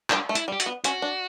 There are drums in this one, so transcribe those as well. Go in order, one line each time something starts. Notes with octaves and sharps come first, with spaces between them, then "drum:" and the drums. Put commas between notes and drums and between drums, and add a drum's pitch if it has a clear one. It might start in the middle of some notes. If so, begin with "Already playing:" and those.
G3 D4, drum: clap
A3
E4, drum: hi-hat
G3
G4
F#4, drum: hi-hat
B3
C#4 F#4, drum: hi-hat
D4